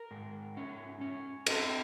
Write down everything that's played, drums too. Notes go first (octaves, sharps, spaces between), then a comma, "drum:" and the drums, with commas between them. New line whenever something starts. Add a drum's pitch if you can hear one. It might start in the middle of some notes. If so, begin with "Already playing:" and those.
Already playing: A#4
G#2
C#4
C#4
C4 A4, drum: cymbal